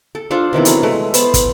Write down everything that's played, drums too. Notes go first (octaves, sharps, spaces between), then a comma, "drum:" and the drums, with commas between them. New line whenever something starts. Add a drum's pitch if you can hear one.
A4
D4 F4 A4 C5
C3 D#3 E3 B3
F#3 A3, drum: hi-hat
G#3 A3
B3 C5 A5, drum: hi-hat
drum: kick, hi-hat